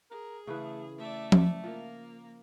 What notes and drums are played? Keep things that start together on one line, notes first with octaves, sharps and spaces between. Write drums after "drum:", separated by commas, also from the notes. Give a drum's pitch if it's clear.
G#4 A#4
C#3 E3 A3 B4
A3 D5 E5
drum: tom F3
F3 A#3 A#4